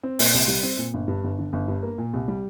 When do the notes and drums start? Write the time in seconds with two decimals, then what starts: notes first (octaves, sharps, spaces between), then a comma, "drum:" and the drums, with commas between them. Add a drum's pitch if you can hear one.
0.03 C4
0.19 A#2, drum: open hi-hat
0.34 C2
0.48 G3
0.63 C4
0.78 A#2
0.94 G1
1.08 G2
1.24 G1
1.39 D3
1.53 G1
1.68 G2
1.83 A#3
1.98 A#2
2.14 C2
2.28 G3